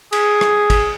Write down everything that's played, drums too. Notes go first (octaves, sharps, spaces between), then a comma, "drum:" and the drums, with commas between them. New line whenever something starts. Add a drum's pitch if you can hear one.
G#4, drum: cymbal
drum: rim click
drum: kick, cymbal